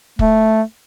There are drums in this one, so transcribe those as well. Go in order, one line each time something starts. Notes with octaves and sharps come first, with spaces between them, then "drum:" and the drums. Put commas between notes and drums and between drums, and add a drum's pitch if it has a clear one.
A3, drum: kick